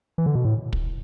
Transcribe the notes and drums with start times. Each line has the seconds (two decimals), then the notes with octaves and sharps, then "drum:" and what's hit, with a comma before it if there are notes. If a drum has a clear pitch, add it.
0.18 E3
0.26 D3
0.35 B2
0.45 A2
0.73 drum: kick